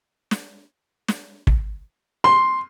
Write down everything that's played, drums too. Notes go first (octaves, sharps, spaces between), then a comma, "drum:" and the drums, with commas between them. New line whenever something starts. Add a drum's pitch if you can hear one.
drum: snare
drum: snare
drum: kick
C6